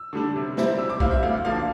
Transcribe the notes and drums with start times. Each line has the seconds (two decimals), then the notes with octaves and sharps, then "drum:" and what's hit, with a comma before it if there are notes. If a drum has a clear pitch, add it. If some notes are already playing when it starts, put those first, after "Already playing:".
Already playing: E6
0.13 D3 G3 D4
0.36 C3
0.57 G3 C4 E4, drum: snare
0.78 C3 E6
0.90 D6
1.00 G3 C4 E4 F5, drum: kick
1.11 E5
1.23 D2 F5
1.45 D3 F3 A#3 D4 F5